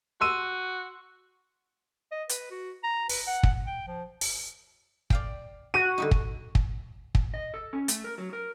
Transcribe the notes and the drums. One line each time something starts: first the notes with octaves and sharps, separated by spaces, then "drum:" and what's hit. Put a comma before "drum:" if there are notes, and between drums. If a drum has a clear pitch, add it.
F#4 C6 E6 D#7
D#5
B4, drum: hi-hat
F#4
A#5
B4, drum: open hi-hat
F#5
drum: kick
G5
F3
drum: open hi-hat
D5 F5 G5, drum: kick
F#4 D#7
D3 G3 D#4
drum: kick
drum: kick
drum: kick
D#5
A4
C#4
A3, drum: hi-hat
A#4
F#3
A#4